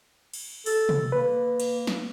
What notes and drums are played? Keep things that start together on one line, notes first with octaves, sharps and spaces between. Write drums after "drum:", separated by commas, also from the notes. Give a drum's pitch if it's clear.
drum: cymbal
A4, drum: open hi-hat
drum: tom
A#3 B4
drum: cymbal
drum: snare